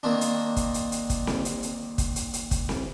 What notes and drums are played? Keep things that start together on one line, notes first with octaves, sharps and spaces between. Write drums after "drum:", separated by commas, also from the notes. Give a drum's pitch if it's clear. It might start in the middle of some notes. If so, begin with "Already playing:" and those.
D#3 A#3 C4 D4
drum: hi-hat
drum: kick, hi-hat
drum: hi-hat
drum: hi-hat
drum: kick, hi-hat
drum: snare C4
drum: hi-hat
drum: hi-hat
drum: kick, hi-hat
drum: hi-hat
drum: hi-hat
drum: kick, hi-hat
drum: snare C4